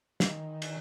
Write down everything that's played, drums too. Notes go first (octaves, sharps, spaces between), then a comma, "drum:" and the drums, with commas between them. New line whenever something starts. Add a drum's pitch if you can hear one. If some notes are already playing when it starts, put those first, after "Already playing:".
D#3, drum: snare
drum: cymbal